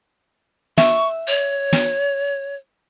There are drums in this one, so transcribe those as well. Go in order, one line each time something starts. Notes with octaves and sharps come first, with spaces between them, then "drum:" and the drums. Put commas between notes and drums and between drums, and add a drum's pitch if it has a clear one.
E5 C#6, drum: snare
C#5
drum: snare